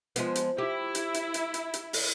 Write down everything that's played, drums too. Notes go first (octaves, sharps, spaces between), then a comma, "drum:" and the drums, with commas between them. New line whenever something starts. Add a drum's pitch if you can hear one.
F3 G#3 B3, drum: hi-hat
drum: hi-hat
E4 G4
drum: hi-hat
drum: hi-hat
drum: hi-hat
drum: hi-hat
drum: hi-hat
drum: open hi-hat